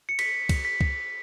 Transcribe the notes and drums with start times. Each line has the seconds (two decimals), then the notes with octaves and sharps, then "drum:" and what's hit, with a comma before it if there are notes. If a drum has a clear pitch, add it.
0.09 C#7
0.19 B6, drum: cymbal
0.49 drum: kick, cymbal
0.65 B6
0.81 drum: kick